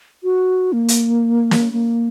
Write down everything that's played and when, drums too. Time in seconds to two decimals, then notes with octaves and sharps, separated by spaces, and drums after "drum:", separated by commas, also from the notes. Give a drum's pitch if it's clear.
0.23 F#4
0.73 A#3
0.88 drum: hi-hat
1.51 drum: snare
1.73 A#3